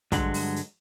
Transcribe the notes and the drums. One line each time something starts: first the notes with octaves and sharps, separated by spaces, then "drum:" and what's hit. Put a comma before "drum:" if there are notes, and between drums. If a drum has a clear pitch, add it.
G2 D3 F#3 G#3, drum: kick, hi-hat
drum: open hi-hat
drum: hi-hat